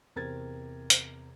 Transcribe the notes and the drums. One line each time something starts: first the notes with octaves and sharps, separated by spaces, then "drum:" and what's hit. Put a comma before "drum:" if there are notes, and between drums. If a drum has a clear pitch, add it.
E2 C3 A#4 C5 G#6 A6
drum: hi-hat